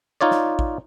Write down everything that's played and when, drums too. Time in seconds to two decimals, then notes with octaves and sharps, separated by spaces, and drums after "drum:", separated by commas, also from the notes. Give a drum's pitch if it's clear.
0.21 D#4 F4 C#5 D5
0.31 drum: snare
0.59 drum: kick